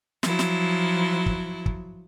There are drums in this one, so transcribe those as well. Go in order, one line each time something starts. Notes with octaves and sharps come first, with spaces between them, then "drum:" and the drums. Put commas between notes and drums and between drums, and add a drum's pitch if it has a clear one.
F3 F#3 E4, drum: snare
drum: snare
drum: kick
drum: kick